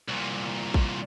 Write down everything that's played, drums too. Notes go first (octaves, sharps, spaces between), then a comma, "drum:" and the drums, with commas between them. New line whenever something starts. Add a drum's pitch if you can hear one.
C2 A#2
drum: kick A1